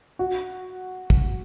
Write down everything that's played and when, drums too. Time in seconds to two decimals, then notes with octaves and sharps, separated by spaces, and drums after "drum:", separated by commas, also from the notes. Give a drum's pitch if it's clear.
0.19 F#4
1.10 drum: kick